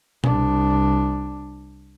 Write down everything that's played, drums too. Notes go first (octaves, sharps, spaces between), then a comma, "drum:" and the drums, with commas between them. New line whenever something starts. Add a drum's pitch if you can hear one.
C2 D4, drum: tom B2